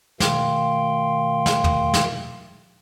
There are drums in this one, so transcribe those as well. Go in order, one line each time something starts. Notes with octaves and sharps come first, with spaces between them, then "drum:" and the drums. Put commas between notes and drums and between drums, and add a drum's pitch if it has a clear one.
B2 D#3 A3 F5 G5 C6, drum: snare
drum: snare
drum: tom E2
drum: snare